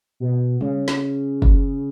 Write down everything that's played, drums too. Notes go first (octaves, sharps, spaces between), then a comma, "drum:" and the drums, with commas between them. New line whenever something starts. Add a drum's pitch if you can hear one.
B2
C#3, drum: tom G3
drum: snare
drum: kick